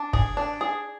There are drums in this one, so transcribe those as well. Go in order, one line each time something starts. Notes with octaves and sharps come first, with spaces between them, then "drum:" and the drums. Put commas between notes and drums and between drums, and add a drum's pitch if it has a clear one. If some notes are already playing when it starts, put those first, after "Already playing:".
Already playing: D4
G#4, drum: kick
D4
G#4